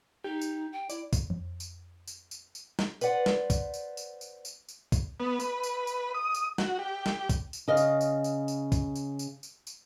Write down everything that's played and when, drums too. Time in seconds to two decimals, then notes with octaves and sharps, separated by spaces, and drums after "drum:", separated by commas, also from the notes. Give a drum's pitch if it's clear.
0.24 D#4 G4
0.41 drum: tambourine
0.72 G5
0.90 E4 D5, drum: tambourine
1.13 drum: kick, tambourine
1.30 F2
1.60 drum: tambourine
2.08 drum: tambourine
2.31 drum: tambourine
2.55 drum: tambourine
2.79 drum: snare
3.01 B4 C5 D5 F#5, drum: tambourine
3.26 drum: snare
3.50 drum: kick, tambourine
3.74 drum: tambourine
3.97 drum: tambourine
4.21 drum: tambourine
4.45 drum: tambourine
4.68 drum: tambourine
4.92 drum: kick, tambourine
5.20 B3
5.40 B4, drum: tambourine
5.63 drum: tambourine
5.87 drum: tambourine
6.14 D#6
6.35 drum: tambourine
6.58 F#4, drum: snare
6.79 G4
7.06 drum: snare
7.29 drum: kick, tambourine
7.53 drum: tambourine
7.68 C#3 D#5 F5
7.77 drum: tambourine
8.01 drum: tambourine
8.24 drum: tambourine
8.48 drum: tambourine
8.72 drum: kick, tambourine
8.96 drum: tambourine
9.19 drum: tambourine
9.43 drum: tambourine
9.67 drum: tambourine